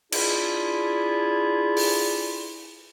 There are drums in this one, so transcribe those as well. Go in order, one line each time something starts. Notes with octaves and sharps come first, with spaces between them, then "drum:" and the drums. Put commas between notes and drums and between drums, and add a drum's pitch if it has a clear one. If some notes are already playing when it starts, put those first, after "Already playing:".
D4 E4 F4 G#4, drum: cymbal
drum: open hi-hat